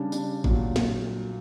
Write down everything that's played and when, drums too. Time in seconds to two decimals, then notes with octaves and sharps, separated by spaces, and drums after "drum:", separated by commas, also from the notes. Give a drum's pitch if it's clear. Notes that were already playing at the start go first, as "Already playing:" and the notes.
Already playing: C#3 G3 D4
0.12 D4, drum: tambourine
0.44 A#2 F#3, drum: kick G#1
0.76 drum: snare